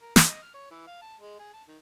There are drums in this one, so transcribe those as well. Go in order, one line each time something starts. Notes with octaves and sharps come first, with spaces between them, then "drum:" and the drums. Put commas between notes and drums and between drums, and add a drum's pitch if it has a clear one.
A#4
D3, drum: snare
D#5
F6
C#5
E3
F5
A5
G#3
G#4
A5
D#3